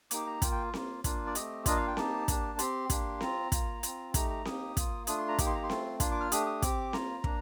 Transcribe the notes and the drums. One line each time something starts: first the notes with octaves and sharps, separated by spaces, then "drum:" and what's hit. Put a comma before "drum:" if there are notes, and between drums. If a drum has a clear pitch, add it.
A#3 D#4 G4 D6, drum: hi-hat
A#5
A#3 F4 G5, drum: kick, hi-hat
G5
A#3 F4, drum: snare C4
A#3 D4 F4, drum: kick, hi-hat
D5
A3 C4 G4 D#5, drum: hi-hat
A#3 D4 F4 D#5, drum: kick, hi-hat
F5
G5
A#3 D#4 G4 A5, drum: snare C4
A#3 D4 G4, drum: kick, hi-hat
C4 G4 C6, drum: hi-hat
A#3 D4 G4, drum: kick, hi-hat
C4 F4 A#5, drum: snare C4
A#3 F4, drum: kick, hi-hat
C4 F4, drum: hi-hat
A3 D#4 G4 A#5, drum: kick, hi-hat
A#5
A#3 D#4 G4 D#6, drum: snare C4
A#3 F4, drum: kick, hi-hat
A3 D4 F4 D#6, drum: hi-hat
C6
A#5
A#3 D#4 G4 D6, drum: kick, hi-hat
C6
A#5
C6
A3 C4 F4, drum: snare C4
A#3 D4 F4 C6, drum: kick, hi-hat
D6
F6
A3 D4 G4 D#6, drum: hi-hat
D#6
C4 G4 D6, drum: kick, hi-hat
A#3 F4 A#5, drum: snare C4
A#3 D4, drum: kick